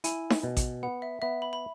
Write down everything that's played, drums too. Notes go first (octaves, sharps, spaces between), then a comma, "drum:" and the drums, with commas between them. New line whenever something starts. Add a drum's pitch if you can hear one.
E4 G#5, drum: hi-hat
drum: snare D#4
B2
drum: kick A1, hi-hat
B3 F#5
E5
B3 E5
B5
B5